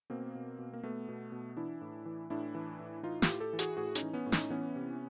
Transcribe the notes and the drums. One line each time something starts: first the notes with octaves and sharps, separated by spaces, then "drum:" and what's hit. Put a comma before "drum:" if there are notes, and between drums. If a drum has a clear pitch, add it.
B2 A#3 C4
B2
B2
A#3
B2 A3 B3
B2
B2
E3 D4 E4
A2
E3
A2 D4 E4
E3
A2
E3 D#4 F4
F4 G4, drum: snare
A2
G4 A4
E3
F#4 G#4, drum: hi-hat
A2 F#4 G#4
C#4 D#4, drum: hi-hat
E3
B3 C#4
A2
C#4 D#4, drum: snare
E3 B3 C#4
C3